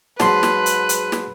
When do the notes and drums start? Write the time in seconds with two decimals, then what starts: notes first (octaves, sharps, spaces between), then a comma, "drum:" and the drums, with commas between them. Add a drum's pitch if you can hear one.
0.20 G#2 F#3 B4 A5 C6, drum: snare
0.43 drum: snare
0.66 drum: hi-hat
0.89 drum: hi-hat
1.12 drum: snare